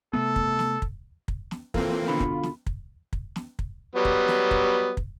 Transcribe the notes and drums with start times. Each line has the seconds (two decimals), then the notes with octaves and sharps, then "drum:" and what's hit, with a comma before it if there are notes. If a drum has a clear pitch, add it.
0.13 C3 A3 B3 A4
0.36 drum: kick
0.59 drum: snare
0.82 drum: kick
1.28 drum: kick
1.51 drum: snare
1.74 E3 A#3 C4 F4 A4 A#4, drum: kick
2.08 B2 D3 B5
2.20 drum: kick
2.43 drum: snare
2.66 drum: kick
3.13 drum: kick
3.36 drum: snare
3.59 drum: kick
3.95 F#3 G3 B3
4.05 drum: kick
4.28 drum: snare
4.51 drum: kick
4.97 drum: kick